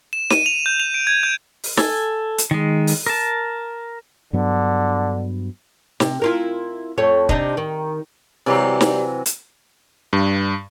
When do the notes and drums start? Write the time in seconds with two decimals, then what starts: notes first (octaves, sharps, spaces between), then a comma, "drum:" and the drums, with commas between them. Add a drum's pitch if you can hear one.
0.13 E7
0.30 D#7, drum: snare
0.46 F7
0.66 G6
0.80 F7
0.94 D7
1.07 G#6
1.23 G6
1.63 drum: open hi-hat
1.77 A4 G#5, drum: snare
2.38 drum: hi-hat
2.51 D#3 G#3
2.87 drum: open hi-hat
3.06 A#4 A5
4.33 G2 D3 F#3 B3
6.00 C3, drum: snare
6.22 E4 F4 A#4
6.98 F2 A3 C#5
7.29 C3 D4 D#4, drum: kick
7.57 D#3
8.46 C3 E3 F#3 G3 G4 D5
8.81 drum: snare
9.26 drum: hi-hat
10.13 G2